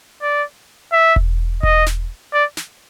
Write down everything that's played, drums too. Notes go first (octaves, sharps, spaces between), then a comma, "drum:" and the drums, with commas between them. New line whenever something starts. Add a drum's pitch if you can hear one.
D5
E5
drum: kick E1
D#5, drum: kick E1
drum: snare
D5
drum: snare